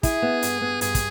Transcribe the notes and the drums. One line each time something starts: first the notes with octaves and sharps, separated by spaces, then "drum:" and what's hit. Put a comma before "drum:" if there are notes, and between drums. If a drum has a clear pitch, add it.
E4 G#4, drum: kick, hi-hat
B3
G2, drum: hi-hat
B3
G2 G#4, drum: hi-hat
drum: kick, hi-hat